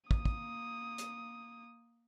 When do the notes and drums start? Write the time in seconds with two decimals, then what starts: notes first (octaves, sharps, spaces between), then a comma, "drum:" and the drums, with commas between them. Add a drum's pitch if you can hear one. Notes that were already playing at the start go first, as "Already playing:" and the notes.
0.11 A#3 D#6, drum: kick
0.25 drum: kick
0.98 drum: hi-hat